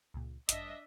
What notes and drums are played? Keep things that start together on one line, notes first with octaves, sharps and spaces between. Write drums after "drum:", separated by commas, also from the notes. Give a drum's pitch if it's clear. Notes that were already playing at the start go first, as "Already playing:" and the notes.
C#2 A#2
A1 G2 D4 D#5 E5, drum: hi-hat